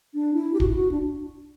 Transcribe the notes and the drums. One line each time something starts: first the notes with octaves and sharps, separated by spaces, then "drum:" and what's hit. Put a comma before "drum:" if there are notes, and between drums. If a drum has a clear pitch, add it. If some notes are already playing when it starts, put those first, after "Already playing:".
D4
E4
G4
F#4, drum: kick
E4
F#4
D4